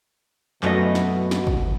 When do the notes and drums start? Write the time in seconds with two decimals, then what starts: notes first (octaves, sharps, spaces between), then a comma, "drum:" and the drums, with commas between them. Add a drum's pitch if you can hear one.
0.63 F#2 B2 A3 D#5, drum: clap
0.95 drum: snare
1.31 drum: snare
1.47 drum: kick